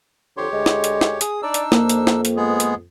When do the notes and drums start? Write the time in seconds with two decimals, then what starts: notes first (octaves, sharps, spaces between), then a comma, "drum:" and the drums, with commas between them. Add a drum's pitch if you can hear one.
0.37 F2 D3 G4 C#5 C6
0.52 D2 G#3
0.66 drum: snare
0.84 drum: hi-hat
1.01 drum: snare
1.21 G#4 D#6, drum: hi-hat
1.42 D4 D#4 D5 E6
1.54 drum: hi-hat
1.72 F2 A#3, drum: snare
1.89 drum: hi-hat
2.07 drum: snare
2.25 drum: hi-hat
2.37 G#3 B3 G#4
2.60 drum: hi-hat